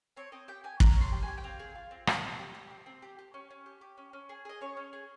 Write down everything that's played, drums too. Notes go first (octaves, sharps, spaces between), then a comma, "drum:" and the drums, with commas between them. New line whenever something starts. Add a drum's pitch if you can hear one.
C4 C#5
C4 D#5
G4 G5
G4 G#5
C#4 A#5, drum: kick
C#4
C6
G4
G#5
G4
G5
C4 F5
G#4
F4
C4
C4, drum: rim click
C4
G4
G4
C4
C4
G4
G4
C#4
C#4
G4
G4
C#4
C#4
G#4
G#4 D#5
C#4 C#5
C#4
G#4